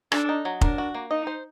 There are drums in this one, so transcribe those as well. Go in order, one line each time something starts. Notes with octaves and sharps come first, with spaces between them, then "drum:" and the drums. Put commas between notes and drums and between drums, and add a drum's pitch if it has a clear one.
D4 A4, drum: rim click
D#4
F#3
D4 A#4, drum: kick F1
F#4
A#3
D#4 D#5
C5